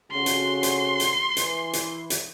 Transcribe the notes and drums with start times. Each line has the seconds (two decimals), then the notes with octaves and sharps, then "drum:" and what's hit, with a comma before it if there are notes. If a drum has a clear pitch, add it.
0.11 F2 C#3 F#4 C6
0.26 drum: hi-hat
0.63 drum: hi-hat
1.00 drum: hi-hat
1.37 E3, drum: hi-hat
1.73 drum: hi-hat
2.10 drum: hi-hat